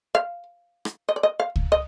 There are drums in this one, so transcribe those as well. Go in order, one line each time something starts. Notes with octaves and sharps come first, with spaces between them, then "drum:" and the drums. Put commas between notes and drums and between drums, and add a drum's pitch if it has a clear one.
F5
drum: rim click
D#5
D5
D#5
F5
drum: kick C#2
D#5